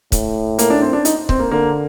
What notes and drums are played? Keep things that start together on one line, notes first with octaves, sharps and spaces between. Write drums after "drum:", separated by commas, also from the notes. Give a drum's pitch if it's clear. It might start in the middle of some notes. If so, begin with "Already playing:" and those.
A2, drum: kick C#1, hi-hat
A#3, drum: hi-hat
D4
C4
D4
D#4, drum: hi-hat
C4, drum: kick C#1
A#3
D3 A#3